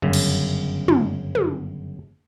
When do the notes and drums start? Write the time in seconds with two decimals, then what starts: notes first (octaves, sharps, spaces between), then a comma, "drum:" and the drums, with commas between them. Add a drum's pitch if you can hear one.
0.02 G1 F#2 C#3
0.13 drum: cymbal
0.88 drum: tom
1.35 drum: tom